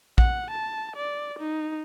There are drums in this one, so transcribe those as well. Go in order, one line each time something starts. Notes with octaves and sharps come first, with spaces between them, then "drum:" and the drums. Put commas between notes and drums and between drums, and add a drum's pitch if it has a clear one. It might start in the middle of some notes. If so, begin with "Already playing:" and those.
F#5, drum: kick A#1
A5
D5
D#4